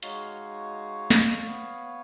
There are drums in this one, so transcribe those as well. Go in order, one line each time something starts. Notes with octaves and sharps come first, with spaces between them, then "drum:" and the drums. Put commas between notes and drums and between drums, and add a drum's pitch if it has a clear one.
G#3 D#4 F#4 C#5 F5, drum: hi-hat
drum: snare
B3